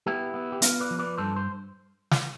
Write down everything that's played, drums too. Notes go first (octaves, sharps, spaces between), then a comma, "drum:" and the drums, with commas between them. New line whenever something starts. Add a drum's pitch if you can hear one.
B3 E4 G4
B3
G4
B3 F4, drum: hi-hat
B4 D5
F3
B4 D5
G2 A4 C5
C5
drum: snare